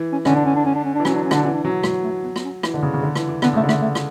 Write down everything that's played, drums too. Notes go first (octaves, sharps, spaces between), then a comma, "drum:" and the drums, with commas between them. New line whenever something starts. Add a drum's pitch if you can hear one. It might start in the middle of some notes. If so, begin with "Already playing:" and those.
Already playing: E3
C#4
D3 C#4, drum: rim click
D4
C#4
D4
C#4
D4
C#4
D4
E3
F#3 C#4, drum: rim click
D4
C#4
D3 D4, drum: rim click
E3 C#4
D4
F#3 C#4
F#3 G#3, drum: rim click
A3
B3
B3, drum: rim click
C#4
E3, drum: rim click
D3
C#3
C#3
D3
E3, drum: rim click
E3
D3 B3, drum: rim click
C#3 A3
D3
A3, drum: rim click
A3
drum: rim click